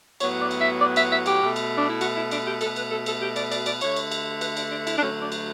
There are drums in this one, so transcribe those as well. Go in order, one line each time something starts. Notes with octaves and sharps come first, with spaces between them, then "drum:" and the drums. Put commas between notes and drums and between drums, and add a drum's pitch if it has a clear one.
A2 F#3 B3 C#5, drum: cymbal
D5
drum: cymbal
E5
D5
E5, drum: cymbal
E5
G4, drum: cymbal
B2 A3
drum: cymbal
D4
E4
F#4, drum: cymbal
E4
D4, drum: cymbal
G4
B2 A3 A4, drum: cymbal
B4, drum: cymbal
A4
A4, drum: cymbal
G4
D5, drum: cymbal
D5, drum: cymbal
D5, drum: cymbal
D3 A3 C#5, drum: cymbal
drum: cymbal
drum: cymbal
B4, drum: cymbal
D4, drum: cymbal
D4
E4, drum: cymbal
D4
D3 F#3 A3 C#4
D4
drum: cymbal